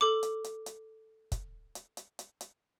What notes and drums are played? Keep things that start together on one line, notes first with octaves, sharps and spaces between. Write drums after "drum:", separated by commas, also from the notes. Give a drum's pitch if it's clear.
A4 D6
drum: hi-hat
drum: hi-hat
drum: hi-hat
drum: kick, hi-hat
drum: hi-hat
drum: hi-hat
drum: hi-hat
drum: hi-hat